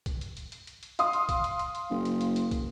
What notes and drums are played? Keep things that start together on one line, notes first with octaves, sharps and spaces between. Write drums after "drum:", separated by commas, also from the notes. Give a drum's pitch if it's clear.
drum: kick, hi-hat
drum: hi-hat
drum: hi-hat
drum: hi-hat
drum: hi-hat
drum: hi-hat
F5 C6 D#6, drum: hi-hat
drum: hi-hat
drum: kick, hi-hat
drum: hi-hat
drum: hi-hat
drum: hi-hat
F#1
drum: hi-hat
drum: hi-hat
drum: hi-hat
drum: kick, hi-hat